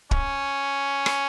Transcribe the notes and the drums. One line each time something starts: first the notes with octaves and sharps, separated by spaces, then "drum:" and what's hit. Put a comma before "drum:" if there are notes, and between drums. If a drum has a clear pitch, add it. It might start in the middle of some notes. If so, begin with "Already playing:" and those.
C#4, drum: kick
drum: rim click